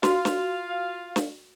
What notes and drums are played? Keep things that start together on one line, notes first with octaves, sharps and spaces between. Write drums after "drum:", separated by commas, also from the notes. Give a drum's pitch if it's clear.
F4 F#4 F5, drum: snare
drum: snare
drum: snare